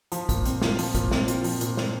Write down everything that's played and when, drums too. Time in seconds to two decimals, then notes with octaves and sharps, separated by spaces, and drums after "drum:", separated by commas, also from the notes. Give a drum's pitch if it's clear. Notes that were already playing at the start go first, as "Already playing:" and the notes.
0.12 F3, drum: hi-hat
0.29 A#2, drum: kick, hi-hat
0.45 C4, drum: hi-hat
0.62 F4, drum: snare
0.79 F3, drum: open hi-hat
0.95 A#2, drum: kick, hi-hat
1.11 C4, drum: snare
1.28 F4, drum: hi-hat
1.44 F3, drum: open hi-hat
1.61 A#2, drum: hi-hat
1.77 C4, drum: snare